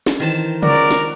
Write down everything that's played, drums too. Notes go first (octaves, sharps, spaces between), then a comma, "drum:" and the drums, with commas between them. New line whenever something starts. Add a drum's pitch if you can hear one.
drum: snare
D#3 E3 C5 A5
C#2 F#4 A#4 D5, drum: tom C#3
drum: snare